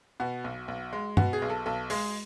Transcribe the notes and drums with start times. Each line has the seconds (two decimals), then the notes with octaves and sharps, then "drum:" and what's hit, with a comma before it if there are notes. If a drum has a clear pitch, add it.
0.20 B2 F#4
0.44 B1
0.68 B1
0.93 G#3
1.17 B2 F#4, drum: tom
1.33 G#4
1.42 B1
1.50 A4
1.66 B1 A4
1.90 G#3 G#4, drum: open hi-hat